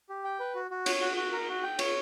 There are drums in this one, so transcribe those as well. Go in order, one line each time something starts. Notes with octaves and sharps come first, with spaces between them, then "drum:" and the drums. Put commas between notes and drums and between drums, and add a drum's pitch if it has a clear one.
G4
G5
B4
F#4
F#4
C#5, drum: cymbal
F#4
F#4
A#4
F#4
G5
C#5, drum: cymbal